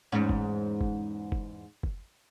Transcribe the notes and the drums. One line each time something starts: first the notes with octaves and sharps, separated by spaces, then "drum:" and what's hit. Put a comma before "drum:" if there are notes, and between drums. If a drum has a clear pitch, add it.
E2 G#2 C#4
drum: kick
drum: kick
drum: kick
drum: kick